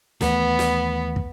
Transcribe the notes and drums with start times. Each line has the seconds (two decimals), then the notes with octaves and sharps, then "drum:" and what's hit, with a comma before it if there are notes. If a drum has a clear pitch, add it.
0.21 D#2 E3 A3 B3, drum: snare
0.59 drum: snare
1.16 drum: kick